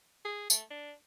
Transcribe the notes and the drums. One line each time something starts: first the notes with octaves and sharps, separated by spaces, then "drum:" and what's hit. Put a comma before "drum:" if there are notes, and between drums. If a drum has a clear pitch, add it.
G#4
A3, drum: tambourine
D4